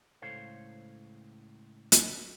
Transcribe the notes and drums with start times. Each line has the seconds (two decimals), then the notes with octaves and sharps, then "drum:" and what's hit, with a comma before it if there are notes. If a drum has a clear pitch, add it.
0.22 C#2 A2 A4 C5 C#5 F5
1.92 drum: hi-hat